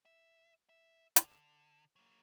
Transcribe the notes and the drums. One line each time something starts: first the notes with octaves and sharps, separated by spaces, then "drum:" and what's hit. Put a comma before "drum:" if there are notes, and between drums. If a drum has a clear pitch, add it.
E5
E5
D3, drum: hi-hat
F#3 A#3